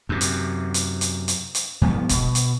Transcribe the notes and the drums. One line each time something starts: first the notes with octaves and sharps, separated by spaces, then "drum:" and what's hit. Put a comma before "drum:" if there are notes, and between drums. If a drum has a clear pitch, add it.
F#2 C3
drum: hi-hat
drum: hi-hat
drum: hi-hat
drum: hi-hat
drum: hi-hat
G2 F3 B3
B2, drum: kick, hi-hat
drum: hi-hat